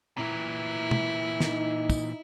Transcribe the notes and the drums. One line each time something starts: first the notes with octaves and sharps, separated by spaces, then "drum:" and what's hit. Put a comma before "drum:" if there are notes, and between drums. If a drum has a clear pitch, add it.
A#2 E3 E4
drum: tom
D#4, drum: snare
drum: kick, tambourine